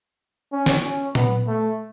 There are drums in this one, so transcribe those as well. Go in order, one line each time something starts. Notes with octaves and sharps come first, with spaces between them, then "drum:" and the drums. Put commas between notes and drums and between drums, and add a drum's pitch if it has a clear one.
C#4
drum: snare
C#4
B3, drum: tom A#2
A3